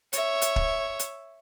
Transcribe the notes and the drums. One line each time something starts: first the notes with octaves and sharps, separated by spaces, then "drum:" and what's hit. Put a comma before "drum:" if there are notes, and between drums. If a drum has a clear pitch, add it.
C#5 E5, drum: hi-hat
drum: hi-hat
drum: kick
drum: hi-hat